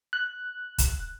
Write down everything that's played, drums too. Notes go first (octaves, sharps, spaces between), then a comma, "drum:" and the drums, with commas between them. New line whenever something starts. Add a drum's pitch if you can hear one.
F#6
drum: kick, hi-hat